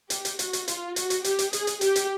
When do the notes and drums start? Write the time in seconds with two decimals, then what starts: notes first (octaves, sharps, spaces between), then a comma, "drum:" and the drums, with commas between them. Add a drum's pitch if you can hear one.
0.10 G4, drum: hi-hat
0.25 drum: hi-hat
0.39 F#4, drum: hi-hat
0.53 drum: hi-hat
0.68 F4, drum: hi-hat
0.96 F#4, drum: hi-hat
1.10 drum: hi-hat
1.24 G4, drum: hi-hat
1.39 drum: hi-hat
1.53 G#4, drum: hi-hat
1.67 drum: hi-hat
1.81 G4, drum: hi-hat
1.96 drum: hi-hat